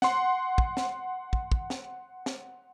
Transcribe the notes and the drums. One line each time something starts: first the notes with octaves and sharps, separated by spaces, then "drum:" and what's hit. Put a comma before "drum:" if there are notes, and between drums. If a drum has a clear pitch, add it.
F#5 C6, drum: snare
drum: kick
drum: snare
drum: kick
drum: kick
drum: snare
drum: snare